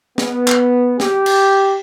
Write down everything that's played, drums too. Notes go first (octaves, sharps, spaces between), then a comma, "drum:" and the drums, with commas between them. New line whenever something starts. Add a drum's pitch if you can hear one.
B3, drum: snare
drum: clap
G4, drum: snare
drum: cymbal